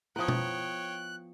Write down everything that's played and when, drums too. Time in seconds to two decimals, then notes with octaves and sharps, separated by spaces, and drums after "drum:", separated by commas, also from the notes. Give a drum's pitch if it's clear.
0.16 F3 B3 E4 C#5 G5 D#6 F#6
0.28 drum: tom B2